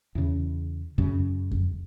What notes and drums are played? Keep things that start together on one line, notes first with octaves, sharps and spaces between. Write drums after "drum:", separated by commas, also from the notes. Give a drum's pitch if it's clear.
E2 C#3
F#2 C#3, drum: kick F2
drum: kick F2